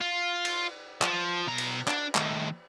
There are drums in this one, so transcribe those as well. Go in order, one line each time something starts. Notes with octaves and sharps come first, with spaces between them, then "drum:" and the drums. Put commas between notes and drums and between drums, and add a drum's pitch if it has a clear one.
F4
drum: cymbal
F3, drum: clap
B2 A#5
drum: cymbal
D4, drum: clap
A2 D#3, drum: clap